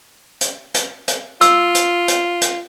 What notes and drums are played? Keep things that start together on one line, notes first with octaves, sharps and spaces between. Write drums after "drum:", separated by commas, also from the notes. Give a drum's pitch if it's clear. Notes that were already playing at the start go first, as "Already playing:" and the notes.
drum: hi-hat
drum: hi-hat
drum: hi-hat
F4 E6, drum: hi-hat
drum: hi-hat
drum: hi-hat
drum: hi-hat